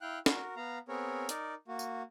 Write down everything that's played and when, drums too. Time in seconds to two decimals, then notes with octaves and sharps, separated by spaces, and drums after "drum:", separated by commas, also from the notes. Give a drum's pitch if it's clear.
0.01 E4 F5 G5 F#6
0.26 F#4 A#4, drum: snare
0.56 B3 F5 A#5
0.88 B3 C4 G#4 A#4 C#5
1.29 D#4 A#4 D5, drum: hi-hat
1.68 A#3 F#4
1.79 drum: tambourine